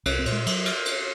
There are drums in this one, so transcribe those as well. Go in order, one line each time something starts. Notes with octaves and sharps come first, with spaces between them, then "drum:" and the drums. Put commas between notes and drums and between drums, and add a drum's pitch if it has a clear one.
C2 C#4, drum: cymbal
C4
A#2, drum: cymbal
G#3
F#3, drum: cymbal
drum: cymbal
drum: cymbal